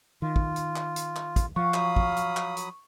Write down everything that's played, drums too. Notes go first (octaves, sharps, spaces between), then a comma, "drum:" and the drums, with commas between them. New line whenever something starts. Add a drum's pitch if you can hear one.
D#3 F4
drum: kick
drum: hi-hat
drum: clap
drum: hi-hat
drum: clap
drum: kick, hi-hat
F3 F5 F#5 C#6
F#3 B5 D#6, drum: clap
drum: kick
drum: hi-hat
drum: clap
drum: hi-hat